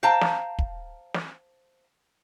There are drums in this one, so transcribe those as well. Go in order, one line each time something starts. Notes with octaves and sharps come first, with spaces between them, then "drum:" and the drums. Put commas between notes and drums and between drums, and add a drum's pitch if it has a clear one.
C5 F5 G5 A5 A#5
drum: snare
drum: kick
drum: snare